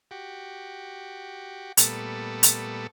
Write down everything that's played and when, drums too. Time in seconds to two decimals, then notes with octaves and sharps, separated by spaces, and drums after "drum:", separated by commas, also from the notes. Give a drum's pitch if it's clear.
0.11 F#4 G4
1.77 A#2 G3 A3 B3 A4, drum: hi-hat
2.43 drum: hi-hat